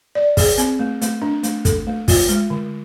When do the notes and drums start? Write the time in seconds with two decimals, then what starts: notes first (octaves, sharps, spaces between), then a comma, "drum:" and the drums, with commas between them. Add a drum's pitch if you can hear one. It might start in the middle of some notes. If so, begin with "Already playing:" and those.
0.15 D5
0.37 G#4, drum: kick, open hi-hat
0.58 C4, drum: hi-hat
0.79 A3
1.02 A3, drum: hi-hat
1.22 D4
1.43 A3, drum: hi-hat
1.65 A4, drum: kick, hi-hat
1.87 A3
2.08 F4, drum: kick, open hi-hat
2.29 G#3, drum: hi-hat
2.50 D3